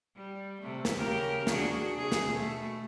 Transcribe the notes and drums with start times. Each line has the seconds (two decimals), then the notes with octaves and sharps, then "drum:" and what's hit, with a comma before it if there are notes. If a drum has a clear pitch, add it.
0.16 G3
0.62 C3 A3
0.85 drum: snare
0.97 C#3 G4 A#4
1.47 D4 F#4 G#4, drum: snare
1.97 C3 G#4
2.12 drum: snare
2.28 B2 A3